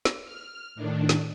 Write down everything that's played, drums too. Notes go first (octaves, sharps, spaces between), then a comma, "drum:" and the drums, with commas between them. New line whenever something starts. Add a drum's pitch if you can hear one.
drum: snare
F6
A2 D#3 D4
drum: snare